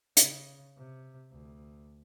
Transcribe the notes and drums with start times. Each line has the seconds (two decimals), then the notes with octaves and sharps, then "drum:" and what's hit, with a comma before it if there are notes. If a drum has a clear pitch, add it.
0.17 C#3, drum: hi-hat
0.77 C3
1.31 D2